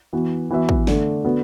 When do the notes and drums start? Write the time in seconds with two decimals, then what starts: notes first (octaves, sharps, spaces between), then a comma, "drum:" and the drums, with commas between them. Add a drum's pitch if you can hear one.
0.13 E3 B3 F#4
0.50 E3 B3 F#4 B4 E5
0.69 drum: kick
0.87 D3 A3 D4, drum: snare
1.24 D3 B3 F#4 B4